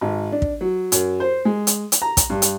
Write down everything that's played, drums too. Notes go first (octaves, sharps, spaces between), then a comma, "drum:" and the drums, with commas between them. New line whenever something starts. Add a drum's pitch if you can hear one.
G#1
D4
drum: kick
F#3
F#2, drum: hi-hat
C5
G#3
drum: hi-hat
drum: hi-hat
A#5
drum: kick, hi-hat
G2
drum: hi-hat